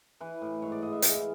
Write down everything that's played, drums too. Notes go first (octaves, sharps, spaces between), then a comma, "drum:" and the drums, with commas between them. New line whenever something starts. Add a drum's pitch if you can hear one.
E3 B4
A2
G#2 C#5
D5
G#2 D#5
E5
E3 F5, drum: hi-hat